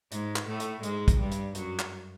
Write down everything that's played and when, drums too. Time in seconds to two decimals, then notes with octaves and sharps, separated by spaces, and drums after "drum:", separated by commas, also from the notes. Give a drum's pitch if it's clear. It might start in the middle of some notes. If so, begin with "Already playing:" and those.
0.12 G#2 G#3, drum: hi-hat
0.36 drum: clap
0.48 A2 A3
0.60 drum: hi-hat
0.83 G#2 G#3, drum: hi-hat
1.08 drum: kick, hi-hat
1.19 G2 G3
1.32 drum: hi-hat
1.55 F#2 F#3, drum: hi-hat
1.79 drum: clap